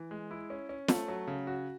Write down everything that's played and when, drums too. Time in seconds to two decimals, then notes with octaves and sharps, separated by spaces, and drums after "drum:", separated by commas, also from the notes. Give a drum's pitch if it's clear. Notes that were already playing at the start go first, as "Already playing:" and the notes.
Already playing: E3
0.11 G#3
0.31 E4
0.50 C#4
0.69 C#4
0.88 A3, drum: snare
1.08 F#3
1.27 C#3
1.47 F#4